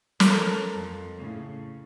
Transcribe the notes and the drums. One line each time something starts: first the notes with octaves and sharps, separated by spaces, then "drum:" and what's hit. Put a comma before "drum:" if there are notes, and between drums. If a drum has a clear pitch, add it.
A4 A#4, drum: snare
F2
A2 C#3